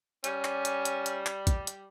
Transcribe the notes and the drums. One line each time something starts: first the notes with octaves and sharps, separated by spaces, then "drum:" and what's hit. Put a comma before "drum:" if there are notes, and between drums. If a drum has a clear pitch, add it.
G3 C#4, drum: hi-hat
drum: clap
drum: hi-hat
drum: hi-hat
drum: hi-hat
drum: clap
drum: kick, hi-hat
drum: hi-hat